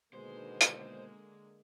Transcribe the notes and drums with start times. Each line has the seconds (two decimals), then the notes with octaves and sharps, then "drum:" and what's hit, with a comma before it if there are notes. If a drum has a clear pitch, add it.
0.13 B2 D3 D#3 G#3 A#3 B3 C5
0.61 drum: hi-hat